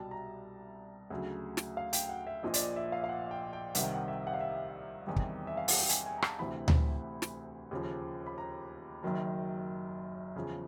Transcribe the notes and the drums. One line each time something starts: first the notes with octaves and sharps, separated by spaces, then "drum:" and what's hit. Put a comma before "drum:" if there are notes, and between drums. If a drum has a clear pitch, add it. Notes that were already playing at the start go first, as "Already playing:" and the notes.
Already playing: C2 B2 G3 A5
A#5
D2 C#3 F#3
drum: snare
F5
G5, drum: hi-hat
F#5
E5
A#1 A#2 F3 D#5
D5, drum: hi-hat
D#5
E5
F5
F5
F#5
G5
G5
C2 C3 D#3 G3 F#5, drum: hi-hat
G5
F#5
E5
F#5
F5
E5
E2 C3 D#3 G3
drum: kick
E5
F5
F#5, drum: open hi-hat
G5
G#5, drum: hi-hat
G#5
A#5
A5, drum: rim click
D2 C3 E3 B5
drum: tom D2
drum: snare
D#2 C#3 F3
B5
A#5
F#1 F#2 D#3 F#3
E2 C#3 F3